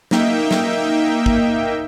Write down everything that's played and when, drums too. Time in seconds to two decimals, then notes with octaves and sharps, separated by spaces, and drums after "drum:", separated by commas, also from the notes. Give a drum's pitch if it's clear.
0.11 A#3 D#4 E5 G5, drum: snare
0.51 drum: snare
1.26 drum: kick